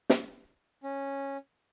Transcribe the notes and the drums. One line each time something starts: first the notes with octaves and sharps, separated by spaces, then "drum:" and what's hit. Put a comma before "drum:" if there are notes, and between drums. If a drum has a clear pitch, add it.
drum: snare
C#4